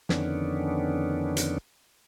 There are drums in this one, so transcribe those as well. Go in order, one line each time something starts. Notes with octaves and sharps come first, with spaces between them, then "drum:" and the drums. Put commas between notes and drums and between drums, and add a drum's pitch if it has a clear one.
F2 D3 D#3 B3 C#4 D4, drum: snare
drum: hi-hat